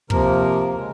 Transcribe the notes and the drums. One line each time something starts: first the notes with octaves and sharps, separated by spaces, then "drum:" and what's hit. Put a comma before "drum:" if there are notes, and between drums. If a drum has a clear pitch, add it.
C3 F3 A#3 A#4, drum: kick
C#3 G#3